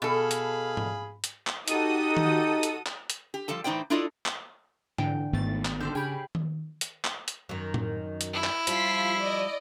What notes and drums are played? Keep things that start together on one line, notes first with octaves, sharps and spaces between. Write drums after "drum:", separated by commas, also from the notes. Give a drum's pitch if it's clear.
B2 G#4 A4 F5 B5
drum: hi-hat
drum: tom G#2
drum: hi-hat
drum: clap
D#4 F#4 G4 A4 D#6, drum: hi-hat
drum: tom D#3
drum: hi-hat
drum: clap
drum: hi-hat
G4
F3 G3 A4 A5
A2 E3 D#4 C5 D5 G5
D4 E4 F4 A4 D5 D#5
drum: clap
D3 E3 D4 G5, drum: tom G#2
G#1 G#2 D#3 A3 B3 A6
drum: clap
D3 C4 A4 F6 G6
C#3 G4 G#4 G5 B5
drum: tom D#3
drum: hi-hat
drum: clap
drum: hi-hat
F#2 D#3
drum: tom A2
drum: hi-hat
E4
drum: clap
F3 G3 F4 B6 C7, drum: hi-hat
D5 D#5